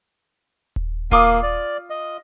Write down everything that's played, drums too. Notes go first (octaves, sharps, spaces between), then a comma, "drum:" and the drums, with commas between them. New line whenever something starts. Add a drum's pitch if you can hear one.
drum: kick D#1
A#3 F4 D6 D#6, drum: kick D#1
D5
D#5